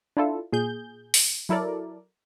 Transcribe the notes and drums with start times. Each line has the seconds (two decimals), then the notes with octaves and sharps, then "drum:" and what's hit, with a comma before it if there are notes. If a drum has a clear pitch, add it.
0.17 D4 E4 F4 A4
0.53 A#2 G#4 G6
1.14 drum: open hi-hat
1.49 F#3 E4 A4 A#4 D5